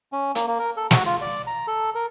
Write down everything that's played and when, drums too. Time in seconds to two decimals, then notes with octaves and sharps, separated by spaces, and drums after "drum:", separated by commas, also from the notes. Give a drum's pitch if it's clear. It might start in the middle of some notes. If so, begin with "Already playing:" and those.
0.12 C#4
0.35 A#3, drum: hi-hat
0.47 A#3
0.59 A#4
0.77 A4
0.91 F#4, drum: snare
1.06 F4
1.21 D5
1.47 A#5
1.68 A4
1.95 A#4